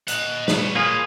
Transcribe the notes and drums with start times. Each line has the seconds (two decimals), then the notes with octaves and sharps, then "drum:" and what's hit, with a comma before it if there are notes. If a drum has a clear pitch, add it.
0.08 D#5 F#5, drum: hi-hat
0.48 B4 C#5, drum: snare
0.75 A#3 F4 G#4